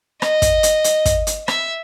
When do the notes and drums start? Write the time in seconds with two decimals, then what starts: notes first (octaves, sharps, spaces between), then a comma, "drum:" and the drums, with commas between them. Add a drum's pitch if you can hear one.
0.22 D#5, drum: rim click
0.42 drum: kick, hi-hat
0.63 drum: hi-hat
0.84 drum: hi-hat
1.05 drum: kick, hi-hat
1.27 drum: hi-hat
1.48 E5, drum: rim click